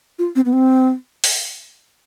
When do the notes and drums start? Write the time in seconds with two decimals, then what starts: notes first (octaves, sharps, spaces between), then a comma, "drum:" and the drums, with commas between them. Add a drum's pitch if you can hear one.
0.19 F4
0.36 C4
0.45 B3
0.53 C4
1.24 drum: open hi-hat